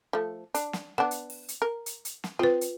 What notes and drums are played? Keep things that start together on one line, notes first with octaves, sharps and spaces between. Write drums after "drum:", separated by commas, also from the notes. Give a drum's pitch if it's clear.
F3 A3
D4, drum: hi-hat
drum: snare
B3 D4 F#5
drum: hi-hat
drum: open hi-hat
drum: hi-hat
A#4
drum: hi-hat
drum: hi-hat
drum: snare
C4 F4 B4
drum: hi-hat